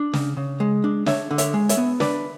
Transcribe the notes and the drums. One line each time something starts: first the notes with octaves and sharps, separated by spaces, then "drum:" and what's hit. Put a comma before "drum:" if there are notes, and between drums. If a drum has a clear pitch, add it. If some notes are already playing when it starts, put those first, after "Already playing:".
Already playing: D4
C#3, drum: snare
C#3
G#3
D4
D4 C#5 E5, drum: snare
D3
C#5 E5, drum: hi-hat
G#3
C#5 E5, drum: hi-hat
B3
D4 B4 D5, drum: snare